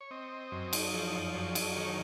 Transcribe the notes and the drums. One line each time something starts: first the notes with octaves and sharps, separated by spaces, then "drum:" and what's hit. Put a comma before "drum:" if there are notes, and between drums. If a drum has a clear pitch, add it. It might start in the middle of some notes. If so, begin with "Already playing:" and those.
C#5
C4 D#5
F#2
drum: cymbal
F3
F#2
drum: cymbal
D#3 C#5